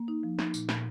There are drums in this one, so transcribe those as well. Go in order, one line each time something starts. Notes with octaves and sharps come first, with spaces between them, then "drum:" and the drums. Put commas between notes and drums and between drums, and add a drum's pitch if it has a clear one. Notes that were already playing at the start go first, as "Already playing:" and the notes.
Already playing: A#3
D#4
F3
D#4, drum: snare
A#2, drum: tambourine
A#2, drum: snare